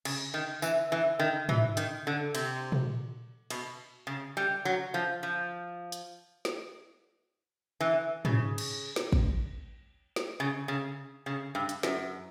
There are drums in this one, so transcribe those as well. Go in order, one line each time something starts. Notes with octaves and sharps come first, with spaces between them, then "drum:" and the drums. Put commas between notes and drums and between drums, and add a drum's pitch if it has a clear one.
C#3, drum: cymbal
D#3
E3, drum: tambourine
E3
D#3
E3, drum: tom G#2
D#3, drum: hi-hat
D3
C3, drum: cymbal
drum: tom A#2
B2, drum: cymbal
C#3
G3
F#3
F3
F3
drum: hi-hat
drum: snare
E3
C#3, drum: tom G#2
drum: cymbal
drum: snare
drum: kick
drum: snare
C#3
C#3
C#3
G2
drum: hi-hat
F#2, drum: snare